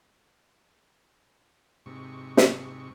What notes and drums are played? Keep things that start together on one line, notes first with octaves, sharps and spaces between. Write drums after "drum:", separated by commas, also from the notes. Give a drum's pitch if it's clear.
G#2 C3 C#6
drum: snare